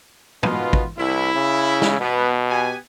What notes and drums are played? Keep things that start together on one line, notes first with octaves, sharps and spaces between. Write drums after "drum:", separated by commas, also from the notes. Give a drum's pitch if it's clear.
B2 D#3 B3 F4, drum: tom
drum: kick
C2 E4
C#3
drum: snare
B2 B3
B3 G4 G#5